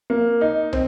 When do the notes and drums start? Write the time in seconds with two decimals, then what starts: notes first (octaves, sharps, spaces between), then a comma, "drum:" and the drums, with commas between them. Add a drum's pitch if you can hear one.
0.10 A#3
0.41 D#4
0.73 C4, drum: tom